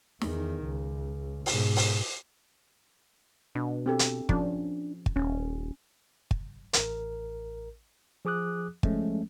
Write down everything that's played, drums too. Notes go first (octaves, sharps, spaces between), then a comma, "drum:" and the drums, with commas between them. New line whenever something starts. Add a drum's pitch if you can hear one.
E2 D#3, drum: snare
C#2
G#2 B2, drum: open hi-hat
drum: open hi-hat
B2 D4
C4 G4 A4
drum: hi-hat
F3 C#4 D4, drum: kick
drum: kick
D#1 C#4
drum: kick
A1 A#4, drum: hi-hat
F3 G#4 D6 D#6 F#6
F3 G#3 A3 C#4, drum: kick